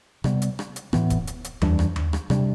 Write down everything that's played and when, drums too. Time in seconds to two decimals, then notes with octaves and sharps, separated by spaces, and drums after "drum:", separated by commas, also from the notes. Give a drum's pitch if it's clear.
0.24 C3 G3 B3, drum: rim click
0.42 drum: hi-hat
0.59 drum: rim click
0.76 drum: hi-hat
0.93 A2 E3 B3, drum: rim click
1.10 drum: kick D1, hi-hat
1.27 drum: hi-hat
1.44 drum: hi-hat
1.62 F2 E3 G3 D4, drum: tom D#2
1.79 drum: rim click
1.96 drum: tom D#2
2.13 drum: rim click
2.30 C3 G3 D4, drum: rim click